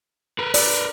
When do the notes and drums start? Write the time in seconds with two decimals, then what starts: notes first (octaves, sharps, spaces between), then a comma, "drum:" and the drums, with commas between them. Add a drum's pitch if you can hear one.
0.39 A#4 B4
0.54 D5, drum: open hi-hat